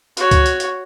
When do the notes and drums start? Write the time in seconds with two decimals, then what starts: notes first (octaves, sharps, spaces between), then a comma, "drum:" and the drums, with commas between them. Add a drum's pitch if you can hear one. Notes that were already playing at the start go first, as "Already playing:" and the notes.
0.17 F#4 C#5, drum: hi-hat
0.31 drum: kick C#2, hi-hat
0.46 drum: hi-hat
0.60 drum: hi-hat